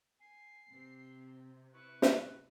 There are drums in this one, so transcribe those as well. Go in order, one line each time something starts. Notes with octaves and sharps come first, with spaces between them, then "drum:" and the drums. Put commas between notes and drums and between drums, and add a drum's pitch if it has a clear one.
G#5 C7
C3 C4 G4
E4 B4 C#6
drum: snare